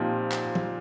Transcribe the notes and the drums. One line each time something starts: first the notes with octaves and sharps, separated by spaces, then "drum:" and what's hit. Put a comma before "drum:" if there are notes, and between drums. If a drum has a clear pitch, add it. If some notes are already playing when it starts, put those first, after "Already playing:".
Already playing: A#2 F3 C4 D#4 F4 G4
drum: clap
drum: tom